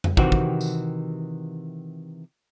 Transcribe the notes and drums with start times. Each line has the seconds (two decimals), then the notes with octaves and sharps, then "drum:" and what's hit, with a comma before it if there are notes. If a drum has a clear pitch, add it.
0.04 drum: tom F2
0.17 C3 D#3 E3 C4 F#4 G4, drum: kick
0.32 drum: kick
0.61 drum: tambourine